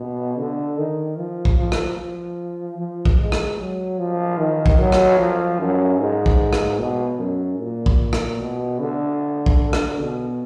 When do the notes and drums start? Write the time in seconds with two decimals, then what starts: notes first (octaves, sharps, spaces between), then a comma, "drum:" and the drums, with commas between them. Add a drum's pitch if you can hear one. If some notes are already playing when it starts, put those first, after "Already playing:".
Already playing: B2
0.38 D3
0.78 D#3
1.18 F3
1.45 drum: kick
1.59 F3
1.72 drum: rim click
1.99 F3
2.78 F3
3.05 drum: kick
3.19 G#3
3.32 drum: rim click
3.59 F#3
3.99 F3
4.39 D#3
4.66 drum: kick
4.79 F#3
4.92 drum: rim click
5.19 F3
5.60 F#2
5.99 G#2
6.26 drum: kick
6.53 drum: rim click
6.79 B2
7.19 F#2
7.60 A#2
7.86 drum: kick
8.13 drum: rim click
8.40 B2
8.80 D3
9.46 drum: kick
9.73 drum: rim click
10.00 B2